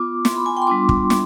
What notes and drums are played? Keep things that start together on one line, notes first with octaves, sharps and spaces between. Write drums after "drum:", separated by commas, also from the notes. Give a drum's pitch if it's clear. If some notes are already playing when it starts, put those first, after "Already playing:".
Already playing: B3 F4 D6
C6, drum: snare
B5
G#5
G5
C6
G3 B3 D4 F4 D6
drum: kick
drum: snare